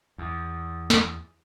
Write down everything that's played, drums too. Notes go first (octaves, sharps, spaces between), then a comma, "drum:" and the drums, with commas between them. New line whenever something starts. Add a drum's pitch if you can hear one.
E2
drum: snare